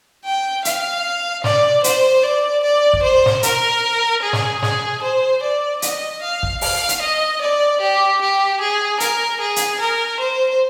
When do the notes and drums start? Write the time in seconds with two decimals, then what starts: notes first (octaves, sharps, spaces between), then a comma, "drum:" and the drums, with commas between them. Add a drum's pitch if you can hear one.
0.25 G5
0.65 F5, drum: hi-hat
1.44 D5, drum: snare
1.84 C5, drum: hi-hat
2.23 D5
2.63 D5
2.93 drum: kick
3.03 C5
3.26 drum: snare
3.43 A#4, drum: hi-hat
4.22 G#4
4.33 drum: snare
4.62 G#4, drum: snare
5.02 C5
5.42 D5
5.82 D#5, drum: hi-hat
6.22 F5
6.43 drum: kick
6.61 F5, drum: open hi-hat
6.89 drum: hi-hat
7.01 D#5
7.42 D5
7.81 G4
8.21 G4
8.61 G#4
9.00 A#4, drum: hi-hat
9.40 G#4
9.56 drum: hi-hat
9.80 A#4
10.20 C5